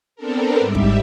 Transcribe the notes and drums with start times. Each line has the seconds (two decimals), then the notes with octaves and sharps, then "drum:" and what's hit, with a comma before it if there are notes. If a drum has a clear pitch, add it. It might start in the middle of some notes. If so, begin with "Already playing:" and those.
0.16 B3 C4 D4 A4 A#4
0.59 G#2 G3 G4 E5
0.75 drum: kick